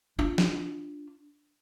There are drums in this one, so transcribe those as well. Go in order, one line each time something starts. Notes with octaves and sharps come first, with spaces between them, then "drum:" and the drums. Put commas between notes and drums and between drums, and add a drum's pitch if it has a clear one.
D4 F4
drum: snare